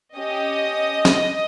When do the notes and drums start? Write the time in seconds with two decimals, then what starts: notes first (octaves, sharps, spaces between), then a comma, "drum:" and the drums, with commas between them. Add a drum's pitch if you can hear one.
0.17 C#4 G4 D#5 D#6
1.05 drum: snare